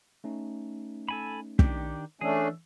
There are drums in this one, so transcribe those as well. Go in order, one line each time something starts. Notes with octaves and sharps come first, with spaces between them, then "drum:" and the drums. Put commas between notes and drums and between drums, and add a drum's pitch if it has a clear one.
A3 C#4 D#4
A4 G#5 B5
D#3 D4 G4, drum: kick
E3 A3 C#4 D4 G#4 E6